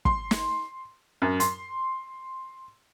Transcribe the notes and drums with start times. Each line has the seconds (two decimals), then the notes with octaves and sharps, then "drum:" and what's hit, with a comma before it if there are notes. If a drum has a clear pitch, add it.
0.05 C6, drum: kick
0.31 drum: snare
1.22 F#2
1.40 C6, drum: hi-hat